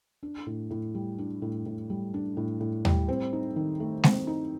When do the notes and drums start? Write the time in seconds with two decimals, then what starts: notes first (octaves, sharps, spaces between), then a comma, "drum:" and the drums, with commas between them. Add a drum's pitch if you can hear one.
0.23 D4
0.47 A2
0.71 A2
0.95 G3
1.18 D4
1.42 A2
1.66 A2
1.90 G3
2.14 D4
2.37 A2
2.61 A2
2.85 G3, drum: tom D#2
3.08 C4
3.33 D#4
3.56 D#3
3.80 A3
4.04 C4, drum: snare G#3
4.27 D#4